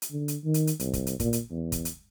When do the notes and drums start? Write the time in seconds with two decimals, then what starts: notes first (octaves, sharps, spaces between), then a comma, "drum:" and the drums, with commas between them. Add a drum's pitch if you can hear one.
0.02 drum: hi-hat
0.11 D3
0.28 drum: hi-hat
0.44 D#3
0.54 drum: hi-hat
0.67 drum: hi-hat
0.80 C2, drum: hi-hat
0.93 drum: kick, hi-hat
1.07 drum: hi-hat
1.20 A#2, drum: kick, hi-hat
1.33 drum: hi-hat
1.51 E2
1.72 drum: kick, hi-hat
1.85 drum: hi-hat